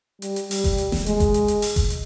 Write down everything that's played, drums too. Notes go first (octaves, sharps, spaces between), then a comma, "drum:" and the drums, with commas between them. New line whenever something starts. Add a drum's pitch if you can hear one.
G3, drum: hi-hat
drum: hi-hat
G3, drum: open hi-hat
drum: kick F#1, hi-hat
drum: hi-hat
drum: snare E1
G#3, drum: hi-hat
drum: kick F#1, hi-hat
drum: hi-hat
drum: hi-hat
drum: open hi-hat
drum: kick F#1, hi-hat
drum: hi-hat